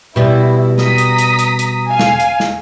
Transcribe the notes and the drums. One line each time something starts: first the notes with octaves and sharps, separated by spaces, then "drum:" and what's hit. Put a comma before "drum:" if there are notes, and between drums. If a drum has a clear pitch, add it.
B2 G3 E4
A#5 D#6 B6, drum: snare
drum: hi-hat
drum: hi-hat
drum: hi-hat
drum: hi-hat
F5 G#5
drum: snare
drum: hi-hat
drum: snare